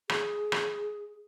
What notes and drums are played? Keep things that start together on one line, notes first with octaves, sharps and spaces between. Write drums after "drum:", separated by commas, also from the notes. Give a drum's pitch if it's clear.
G#4, drum: rim click
drum: rim click